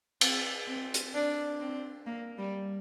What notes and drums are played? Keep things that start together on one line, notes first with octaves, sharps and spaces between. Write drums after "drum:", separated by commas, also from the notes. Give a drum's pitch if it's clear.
C4, drum: cymbal
C4
drum: hi-hat
D4
C4
A#3
G3